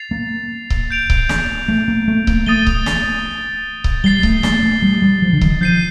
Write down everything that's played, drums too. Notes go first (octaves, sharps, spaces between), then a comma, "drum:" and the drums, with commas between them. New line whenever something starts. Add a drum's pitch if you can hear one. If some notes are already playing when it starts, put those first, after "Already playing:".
Already playing: A6 C7 F7
A#3
drum: kick C#1
G6 D7 F7
drum: kick C#1
drum: snare
A3
A#3
A3
A#3, drum: kick C#1
A3 D#6 A6 D#7 G7
drum: kick C#1
drum: snare
drum: kick C#1
G3 A6 C7 G7
A3, drum: kick C#1
A#3, drum: snare
A3
G3
G3
F3
D3
D#3, drum: kick C#1
F3 G6 C7 D#7